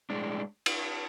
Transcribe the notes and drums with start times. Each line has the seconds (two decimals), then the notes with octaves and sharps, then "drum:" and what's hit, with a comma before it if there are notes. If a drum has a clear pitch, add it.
0.10 A2 G#3 D4
0.66 drum: cymbal